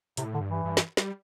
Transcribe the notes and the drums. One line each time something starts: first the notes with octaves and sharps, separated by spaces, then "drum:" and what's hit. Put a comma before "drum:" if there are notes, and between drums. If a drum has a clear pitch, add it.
A2 C3, drum: hi-hat
D3
G2
E3
G2
drum: snare
G3, drum: snare